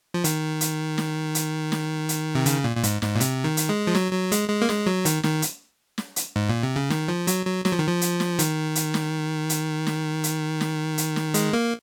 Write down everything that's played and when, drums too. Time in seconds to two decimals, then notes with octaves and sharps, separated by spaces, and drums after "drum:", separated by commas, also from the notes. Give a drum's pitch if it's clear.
0.14 F3
0.24 D#3, drum: hi-hat
0.61 drum: hi-hat
0.98 drum: snare
1.35 drum: hi-hat
1.72 drum: snare
2.09 drum: hi-hat
2.35 C3
2.46 C#3, drum: hi-hat
2.64 A#2
2.77 A#2
2.83 G#2, drum: hi-hat
3.02 G#2, drum: snare
3.15 A#2
3.20 C3, drum: hi-hat
3.44 D#3
3.57 drum: hi-hat
3.69 G#3
3.87 F3
3.95 F#3, drum: snare
4.13 F#3
4.32 G#3, drum: hi-hat
4.49 G#3
4.62 A#3
4.69 G#3, drum: snare
4.86 F#3
5.05 D#3, drum: hi-hat
5.23 D#3, drum: snare
5.42 drum: hi-hat
5.98 drum: snare
6.16 drum: hi-hat
6.36 G#2
6.49 A#2
6.63 C3
6.76 C#3
6.90 D#3, drum: snare
7.08 F3
7.27 F#3, drum: hi-hat
7.46 F#3
7.65 F#3, drum: snare
7.72 F3
7.79 D#3
7.87 F3
8.01 drum: hi-hat
8.20 drum: snare
8.39 D#3, drum: hi-hat
8.75 drum: hi-hat
8.94 drum: snare
9.50 drum: hi-hat
9.87 drum: snare
10.24 drum: hi-hat
10.61 drum: snare
10.98 drum: hi-hat
11.16 drum: snare
11.34 G#3, drum: hi-hat
11.53 A#3